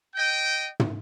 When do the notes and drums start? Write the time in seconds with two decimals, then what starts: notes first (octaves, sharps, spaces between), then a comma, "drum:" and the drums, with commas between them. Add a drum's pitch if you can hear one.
0.15 D#5 G5
0.80 drum: tom